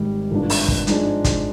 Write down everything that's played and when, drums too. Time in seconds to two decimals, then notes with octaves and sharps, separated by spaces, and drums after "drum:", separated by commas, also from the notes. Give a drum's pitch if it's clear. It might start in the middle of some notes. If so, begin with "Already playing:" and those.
Already playing: G#1 G#2 D#3 G3
0.31 G#1 G2 F3 A#3 D4
0.50 drum: open hi-hat
0.68 drum: kick
0.87 G#2 F3 G#3 D4, drum: hi-hat
1.24 drum: kick, hi-hat